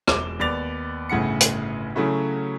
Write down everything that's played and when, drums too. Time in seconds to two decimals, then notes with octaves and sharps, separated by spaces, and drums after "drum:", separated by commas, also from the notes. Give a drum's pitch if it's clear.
0.07 E1 D6 E7 G7, drum: rim click
0.39 D#2 B3 D5 D6 A6 F7
1.09 G1 A2 C#3 F#5 C#7
1.40 drum: hi-hat
1.95 C#3 F#3 A3 C#4 E4 F#4